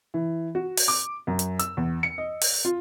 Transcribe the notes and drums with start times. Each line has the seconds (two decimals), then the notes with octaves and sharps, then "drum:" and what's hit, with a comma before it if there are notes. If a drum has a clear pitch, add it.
0.14 E3
0.55 F#4
0.77 drum: open hi-hat
0.88 D6
1.27 F#2
1.39 drum: hi-hat
1.59 E6, drum: hi-hat
1.77 E2
2.03 C#7
2.18 D#5
2.41 drum: open hi-hat
2.65 F4